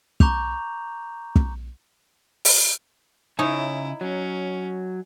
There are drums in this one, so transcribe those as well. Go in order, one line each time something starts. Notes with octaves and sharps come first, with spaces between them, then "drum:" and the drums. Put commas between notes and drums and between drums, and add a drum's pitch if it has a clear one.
A#5 C#6 D6 G6 F7, drum: kick
drum: kick
drum: open hi-hat
C#3 D#4 E4 C#5 E5 G#5
F#3 C#4